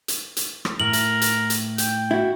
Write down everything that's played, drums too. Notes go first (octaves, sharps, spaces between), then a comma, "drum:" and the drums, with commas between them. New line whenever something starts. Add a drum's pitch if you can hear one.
drum: hi-hat
drum: hi-hat
drum: rim click
A2 A#4 F#7
drum: hi-hat
drum: hi-hat
drum: hi-hat
G5, drum: hi-hat
E4 F#4